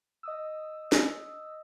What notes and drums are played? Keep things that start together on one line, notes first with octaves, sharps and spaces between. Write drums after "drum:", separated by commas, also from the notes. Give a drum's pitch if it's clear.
D#5 D#6 E6
drum: snare